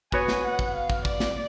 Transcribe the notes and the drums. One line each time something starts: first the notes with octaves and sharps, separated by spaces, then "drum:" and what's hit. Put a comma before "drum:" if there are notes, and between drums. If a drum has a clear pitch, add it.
B3 F#4 C#5 G#5, drum: kick
drum: snare
F#5
drum: kick
F5
drum: kick
D5, drum: kick
drum: snare